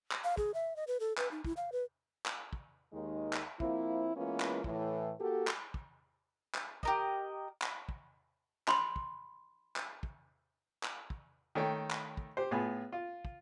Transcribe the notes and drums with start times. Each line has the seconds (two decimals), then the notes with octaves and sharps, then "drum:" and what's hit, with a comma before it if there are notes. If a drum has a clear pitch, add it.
0.11 drum: clap
0.24 F5
0.37 G#4, drum: kick
0.54 E5
0.76 D#5
0.87 B4
1.00 A4
1.18 B4, drum: clap
1.31 D#4
1.45 E4, drum: kick
1.57 F5
1.72 B4
2.26 drum: clap
2.53 drum: kick
2.93 D#2 D#3 G#3
3.33 drum: clap
3.60 F3 A#3 C4 E4, drum: kick
4.16 E3 G#3 A#3 B3 C#4 F4
4.40 drum: clap
4.64 A2 E3, drum: kick
5.20 A#3 F#4 G4 A4
5.47 drum: clap
5.74 drum: kick
6.55 drum: clap
6.83 G4 A#4 D#5, drum: kick
7.62 drum: clap
7.89 drum: kick
8.68 B5 C6, drum: clap
8.96 drum: kick
9.76 drum: clap
10.03 drum: kick
10.83 drum: clap
11.10 drum: kick
11.55 D#3 A3 C#5 G5
11.91 drum: clap
12.17 drum: kick
12.37 G4 C5
12.51 A2 B3 F4 G#4 G#5
12.92 F4
13.25 drum: kick